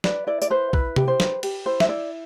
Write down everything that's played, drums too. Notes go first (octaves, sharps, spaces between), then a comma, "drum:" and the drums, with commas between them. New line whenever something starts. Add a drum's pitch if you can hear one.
B4 D5, drum: snare
E4 D5
D5, drum: tambourine
B4 C5
E4 B4, drum: kick
G4, drum: tom C3
C5
B4, drum: snare
G4, drum: cymbal
E4 C5
E5, drum: snare
E4 D5